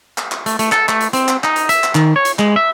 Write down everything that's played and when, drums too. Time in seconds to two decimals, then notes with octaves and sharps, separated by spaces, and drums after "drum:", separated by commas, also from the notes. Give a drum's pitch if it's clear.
0.18 drum: clap
0.32 drum: clap
0.46 A3, drum: hi-hat
0.59 A3, drum: hi-hat
0.72 A4, drum: clap
0.89 A3, drum: clap
1.01 drum: hi-hat
1.13 C4, drum: hi-hat
1.28 drum: clap
1.44 D#4, drum: clap
1.56 drum: hi-hat
1.69 E5, drum: hi-hat
1.84 drum: clap
1.95 D#3, drum: clap
2.16 C#5
2.25 drum: hi-hat
2.39 G#3, drum: clap
2.56 E5